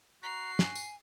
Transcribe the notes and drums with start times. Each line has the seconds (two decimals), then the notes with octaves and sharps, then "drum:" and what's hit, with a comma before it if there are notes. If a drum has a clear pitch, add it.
0.23 F#4 A#5 C7
0.59 G#5, drum: snare
0.75 drum: tambourine